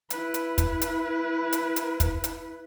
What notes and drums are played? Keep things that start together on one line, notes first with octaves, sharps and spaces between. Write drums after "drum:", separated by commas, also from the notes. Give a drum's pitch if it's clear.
E4 B4, drum: hi-hat
drum: hi-hat
drum: kick, hi-hat
drum: hi-hat
drum: hi-hat
drum: hi-hat
drum: kick, hi-hat
drum: hi-hat